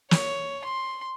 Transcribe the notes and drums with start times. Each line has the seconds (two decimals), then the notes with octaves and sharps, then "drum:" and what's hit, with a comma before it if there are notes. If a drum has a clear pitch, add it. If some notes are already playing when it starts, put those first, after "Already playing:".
0.11 C#5, drum: snare
0.65 C6